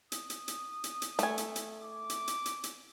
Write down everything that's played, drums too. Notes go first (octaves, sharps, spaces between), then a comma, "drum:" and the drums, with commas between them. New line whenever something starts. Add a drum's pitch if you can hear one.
D#6, drum: hi-hat
drum: hi-hat
drum: hi-hat
drum: hi-hat
drum: hi-hat
A3 G#5, drum: hi-hat
drum: hi-hat
drum: hi-hat
D6
drum: hi-hat
drum: hi-hat
drum: hi-hat
drum: hi-hat